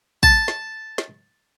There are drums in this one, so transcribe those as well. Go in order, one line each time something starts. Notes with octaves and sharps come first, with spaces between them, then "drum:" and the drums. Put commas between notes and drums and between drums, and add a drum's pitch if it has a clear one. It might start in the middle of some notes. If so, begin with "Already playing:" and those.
A5, drum: kick
drum: snare
drum: snare